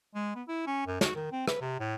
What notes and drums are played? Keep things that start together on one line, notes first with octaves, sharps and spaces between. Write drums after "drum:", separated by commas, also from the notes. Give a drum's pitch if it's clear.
G#3
B3
E4
C#4
F#2
F#4, drum: snare
D#3
C4
B4, drum: rim click
C3
A2